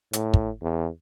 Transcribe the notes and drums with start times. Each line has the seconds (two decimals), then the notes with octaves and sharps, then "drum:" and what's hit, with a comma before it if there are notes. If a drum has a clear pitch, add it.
0.13 A2, drum: hi-hat
0.34 drum: kick
0.62 E2